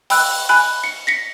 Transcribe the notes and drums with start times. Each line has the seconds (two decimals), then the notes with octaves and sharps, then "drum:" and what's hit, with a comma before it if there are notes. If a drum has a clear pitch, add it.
0.10 G5 B5 E6 F#6, drum: open hi-hat
0.49 G#5 B5 F#6
0.84 C#7
1.07 A#6 B6 C#7